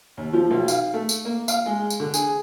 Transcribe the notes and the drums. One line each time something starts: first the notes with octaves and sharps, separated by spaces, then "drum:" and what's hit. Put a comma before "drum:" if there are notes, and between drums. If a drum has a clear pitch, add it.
D#2
F3
B1
F5, drum: tambourine
A3
drum: tambourine
A#3
F5, drum: tambourine
G#3
drum: tambourine
D3
G#4, drum: tambourine